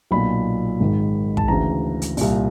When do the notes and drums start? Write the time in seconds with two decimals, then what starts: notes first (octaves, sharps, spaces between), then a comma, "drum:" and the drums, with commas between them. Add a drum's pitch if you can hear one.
0.11 B1 A#2 B5
0.80 G#1 G#2 D#3
1.37 A5, drum: kick
1.48 D2 C#3 E3 A#5
2.02 drum: hi-hat
2.17 C2 A#2, drum: open hi-hat